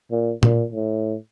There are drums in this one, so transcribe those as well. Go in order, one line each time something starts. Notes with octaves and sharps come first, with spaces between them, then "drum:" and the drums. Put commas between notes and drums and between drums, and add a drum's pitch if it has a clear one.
A#2
A#2, drum: tom A#2
A2